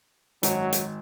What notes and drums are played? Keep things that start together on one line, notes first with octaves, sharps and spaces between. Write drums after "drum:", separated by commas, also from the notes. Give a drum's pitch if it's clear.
G#1 F#2 F#3, drum: hi-hat
drum: hi-hat